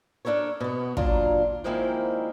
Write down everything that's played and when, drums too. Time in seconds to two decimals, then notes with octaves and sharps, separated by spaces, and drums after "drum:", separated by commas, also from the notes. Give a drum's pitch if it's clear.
0.25 D4 E4 A4 A#4 C#5
0.60 B2 B3
0.97 A#2 F#3 D4 F4 A#5, drum: kick
1.64 D#3 F3 G#3 A#3 C4 E4